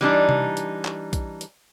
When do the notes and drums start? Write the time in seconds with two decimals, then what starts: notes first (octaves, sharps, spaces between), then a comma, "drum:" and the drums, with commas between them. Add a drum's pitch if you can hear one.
0.01 E3 G3 D4 D#4
0.29 drum: tom C3
0.57 drum: hi-hat
0.85 drum: clap
1.13 drum: kick A#1, hi-hat
1.41 drum: hi-hat